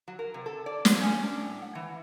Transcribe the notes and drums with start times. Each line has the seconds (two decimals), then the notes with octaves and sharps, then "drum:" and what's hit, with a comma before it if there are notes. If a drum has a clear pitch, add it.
0.08 F#3
0.19 A#4
0.34 C3
0.46 A4
0.66 D5
0.85 F3, drum: snare
1.01 C#4
1.23 D4
1.41 A2
1.62 F#5
1.75 E3